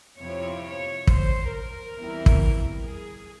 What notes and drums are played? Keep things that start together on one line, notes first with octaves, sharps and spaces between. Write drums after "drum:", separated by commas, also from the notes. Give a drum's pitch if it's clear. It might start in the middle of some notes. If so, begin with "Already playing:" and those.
F2 C3 F3 C4 E4 C#5
C#5
C5, drum: kick
A#4
E2 E3 G3 C4 E4
drum: kick
G#4